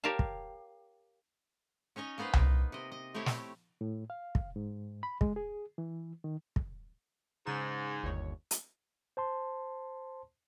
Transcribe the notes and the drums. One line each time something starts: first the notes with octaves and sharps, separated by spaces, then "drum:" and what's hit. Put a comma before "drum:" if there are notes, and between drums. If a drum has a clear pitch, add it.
G4 A#4 C#5 F5 A5
drum: kick
C#4 D#4 C#5 D#5
A#3 B3 D#4 B4 C5
drum: tom C2
C3 D#5
D#5
A3 C4 E4 G4 C#5
drum: snare
A2
F5
drum: kick
G#2
B5
G#3, drum: kick
G#4
E3
D#3
drum: kick
G#2 C#3 E7
G1 D#2 C#5
drum: hi-hat
C5 A5 C6